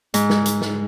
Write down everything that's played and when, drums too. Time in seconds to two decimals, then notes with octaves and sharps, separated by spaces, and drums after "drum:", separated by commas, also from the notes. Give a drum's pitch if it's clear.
0.14 G#2, drum: hi-hat
0.30 drum: snare
0.46 drum: hi-hat
0.61 drum: snare